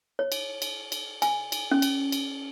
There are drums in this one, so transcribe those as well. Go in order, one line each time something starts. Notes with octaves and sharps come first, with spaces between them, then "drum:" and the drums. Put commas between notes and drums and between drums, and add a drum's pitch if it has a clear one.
C#5
drum: cymbal
drum: cymbal
drum: cymbal
G#5, drum: cymbal
drum: cymbal
C#4
drum: cymbal
drum: cymbal